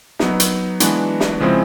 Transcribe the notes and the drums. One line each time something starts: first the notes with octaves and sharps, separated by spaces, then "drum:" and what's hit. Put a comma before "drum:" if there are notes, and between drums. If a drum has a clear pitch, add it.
F#3 B3 D#4, drum: snare
drum: hi-hat
E3 G#3 B3 D4 F#4, drum: hi-hat
drum: snare
C#3 F3 G#3 C4 E4